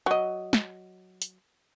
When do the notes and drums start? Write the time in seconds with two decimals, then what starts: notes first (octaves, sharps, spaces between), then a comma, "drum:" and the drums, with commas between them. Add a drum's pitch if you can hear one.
0.06 F#3 D#5
0.53 drum: snare
1.22 drum: hi-hat